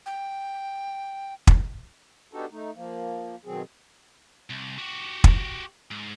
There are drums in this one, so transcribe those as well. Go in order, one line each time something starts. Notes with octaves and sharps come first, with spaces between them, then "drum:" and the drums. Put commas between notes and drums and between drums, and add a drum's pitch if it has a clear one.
G5
drum: kick
B3 D4 D#4 F#4 G4 A4
A3 D#4
F3 A#3
B2 D#3 F#3 C4 G#4
C2
F#4 G4
drum: kick
G#2